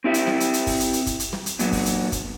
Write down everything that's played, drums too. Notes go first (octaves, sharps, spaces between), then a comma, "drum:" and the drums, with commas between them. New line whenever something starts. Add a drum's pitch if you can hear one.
C4 E4 G4 E5
drum: hi-hat
drum: snare
drum: hi-hat
drum: hi-hat
drum: kick, open hi-hat
drum: hi-hat
drum: hi-hat
drum: kick, hi-hat
drum: hi-hat
drum: snare
drum: hi-hat
A#2 F#3, drum: hi-hat
drum: kick, open hi-hat
drum: hi-hat
drum: kick, hi-hat